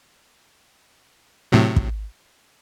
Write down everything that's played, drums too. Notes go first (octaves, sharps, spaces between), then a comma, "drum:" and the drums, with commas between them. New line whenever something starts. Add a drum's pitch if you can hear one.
A2 C3 F#3
drum: kick